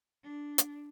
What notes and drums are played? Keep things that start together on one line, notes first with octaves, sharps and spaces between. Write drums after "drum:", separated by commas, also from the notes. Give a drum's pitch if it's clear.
D4
drum: hi-hat